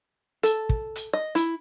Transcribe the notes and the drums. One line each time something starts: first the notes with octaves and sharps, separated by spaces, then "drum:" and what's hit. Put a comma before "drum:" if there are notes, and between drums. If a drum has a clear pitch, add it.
A4, drum: hi-hat
drum: kick
drum: hi-hat
D#5
E4, drum: hi-hat